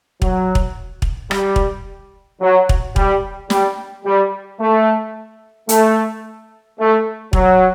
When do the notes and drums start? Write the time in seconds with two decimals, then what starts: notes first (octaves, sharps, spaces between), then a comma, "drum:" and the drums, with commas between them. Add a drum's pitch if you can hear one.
0.22 F#3, drum: kick
0.55 drum: kick
1.02 drum: kick
1.31 G3, drum: rim click
1.56 drum: kick
2.41 F#3
2.69 drum: kick
2.96 G3, drum: kick
3.50 G3, drum: snare
4.05 G3
4.60 A3
5.69 A3, drum: hi-hat
6.79 A3
7.33 F#3, drum: kick